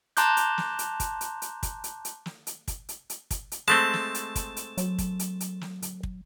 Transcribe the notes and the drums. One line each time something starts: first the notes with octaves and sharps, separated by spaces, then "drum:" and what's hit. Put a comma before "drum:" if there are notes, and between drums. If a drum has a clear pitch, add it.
A5 A#5 C6 D6 F#6 G6, drum: hi-hat
drum: hi-hat
drum: snare
drum: hi-hat
drum: kick, hi-hat
drum: hi-hat
drum: hi-hat
drum: kick, hi-hat
drum: hi-hat
drum: hi-hat
drum: snare
drum: hi-hat
drum: kick, hi-hat
drum: hi-hat
drum: hi-hat
drum: kick, hi-hat
drum: hi-hat
G#3 A3 C4 A5
drum: snare
drum: hi-hat
drum: kick, hi-hat
drum: hi-hat
F#3, drum: hi-hat
drum: kick, hi-hat
drum: hi-hat
drum: hi-hat
drum: snare
drum: hi-hat
drum: kick